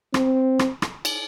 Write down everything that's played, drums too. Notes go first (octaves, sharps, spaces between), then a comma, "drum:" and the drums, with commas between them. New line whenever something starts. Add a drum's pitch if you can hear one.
C4, drum: rim click
drum: rim click
drum: rim click
drum: cymbal